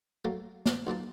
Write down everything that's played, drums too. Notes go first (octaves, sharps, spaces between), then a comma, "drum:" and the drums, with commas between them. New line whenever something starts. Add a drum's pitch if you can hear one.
F#3 A3 A#3
drum: snare
B1 A#2 A#3 A5